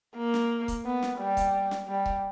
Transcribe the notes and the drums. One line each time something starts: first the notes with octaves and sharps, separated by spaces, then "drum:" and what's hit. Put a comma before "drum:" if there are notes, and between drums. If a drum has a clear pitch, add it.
A#3
drum: snare
drum: kick C#1, hi-hat
B3
drum: snare
G3
drum: kick C#1, hi-hat
drum: snare
G3
drum: kick C#1